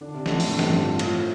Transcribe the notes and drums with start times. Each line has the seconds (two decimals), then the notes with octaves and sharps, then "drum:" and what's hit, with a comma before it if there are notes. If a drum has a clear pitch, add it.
0.01 D3 D4
0.14 C3
0.26 A2 D3 A3, drum: snare
0.40 drum: open hi-hat
0.50 G2 C3 A3
0.59 drum: snare
0.75 F4
0.99 A2 F3, drum: cymbal